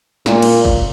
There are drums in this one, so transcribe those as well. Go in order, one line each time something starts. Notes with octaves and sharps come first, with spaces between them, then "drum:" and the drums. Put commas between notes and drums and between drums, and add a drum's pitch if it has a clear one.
A#2, drum: snare
drum: cymbal
drum: kick